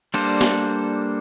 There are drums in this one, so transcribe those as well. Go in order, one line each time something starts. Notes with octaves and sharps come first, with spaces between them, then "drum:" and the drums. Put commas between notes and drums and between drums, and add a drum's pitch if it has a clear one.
G3 A#3 D4 A4 C5, drum: cymbal
drum: snare